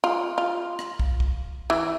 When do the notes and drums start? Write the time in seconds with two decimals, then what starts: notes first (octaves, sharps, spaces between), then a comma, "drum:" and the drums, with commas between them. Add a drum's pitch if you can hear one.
0.04 F4
0.38 F4
0.79 drum: rim click
0.99 drum: kick
1.20 drum: kick
1.70 E3